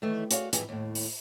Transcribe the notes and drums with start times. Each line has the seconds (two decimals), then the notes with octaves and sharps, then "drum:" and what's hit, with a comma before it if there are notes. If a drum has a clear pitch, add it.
0.02 D#3 E3 A3 C#5
0.31 F#4 G#4 C#5 D5 F5, drum: hi-hat
0.53 F2 G#2 E3 G4 G#4, drum: hi-hat
0.69 D#2 A2
0.95 drum: open hi-hat